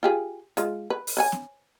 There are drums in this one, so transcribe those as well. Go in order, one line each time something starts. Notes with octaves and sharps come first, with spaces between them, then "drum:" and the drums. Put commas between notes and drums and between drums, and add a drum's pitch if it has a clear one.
F4 G4 G#4
G#3 F4, drum: hi-hat
B4
drum: open hi-hat
B4 C#5 G#5
drum: snare